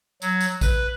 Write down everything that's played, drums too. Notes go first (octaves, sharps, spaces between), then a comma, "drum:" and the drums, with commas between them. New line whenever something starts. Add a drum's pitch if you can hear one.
F#3, drum: tambourine
drum: tambourine
B4, drum: kick, tambourine